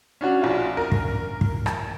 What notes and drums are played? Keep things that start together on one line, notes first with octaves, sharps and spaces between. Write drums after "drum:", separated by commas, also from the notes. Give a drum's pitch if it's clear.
C#4 D4 F#4
A#1 F4
A#4
drum: kick
drum: kick
A5, drum: rim click